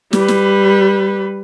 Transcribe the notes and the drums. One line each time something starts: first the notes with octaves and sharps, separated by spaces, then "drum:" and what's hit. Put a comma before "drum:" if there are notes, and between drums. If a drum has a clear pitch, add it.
G3 B4, drum: snare
drum: snare